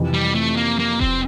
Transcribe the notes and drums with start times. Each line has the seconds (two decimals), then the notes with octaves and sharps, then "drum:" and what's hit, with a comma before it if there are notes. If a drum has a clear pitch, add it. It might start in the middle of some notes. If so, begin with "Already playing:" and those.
Already playing: F2 C3 E3
0.14 G3
0.35 A3
0.56 A#3
0.79 A#3
1.00 C4, drum: kick E1